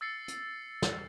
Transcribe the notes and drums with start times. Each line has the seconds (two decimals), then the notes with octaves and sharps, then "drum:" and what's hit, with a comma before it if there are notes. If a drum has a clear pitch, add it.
0.01 E6 A6 C7 C#7
0.28 drum: hi-hat
0.82 drum: snare